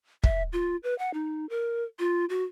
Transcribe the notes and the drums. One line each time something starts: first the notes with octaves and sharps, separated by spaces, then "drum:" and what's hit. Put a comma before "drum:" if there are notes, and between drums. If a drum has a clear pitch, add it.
E5, drum: kick
F4
B4
F#5
D#4
A#4
F4
F#4